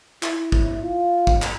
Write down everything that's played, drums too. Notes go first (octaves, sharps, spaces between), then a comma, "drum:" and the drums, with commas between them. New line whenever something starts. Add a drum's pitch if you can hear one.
E4, drum: clap
drum: kick
F4
drum: kick
drum: clap